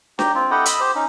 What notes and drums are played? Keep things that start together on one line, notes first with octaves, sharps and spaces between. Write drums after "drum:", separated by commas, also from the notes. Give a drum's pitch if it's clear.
G4 G5 A#5, drum: snare D4
C4 F4
E4 G4 A4 D#5 F#5 G5
D#5 B5 E6, drum: hi-hat
G4 C5
C#4 D#4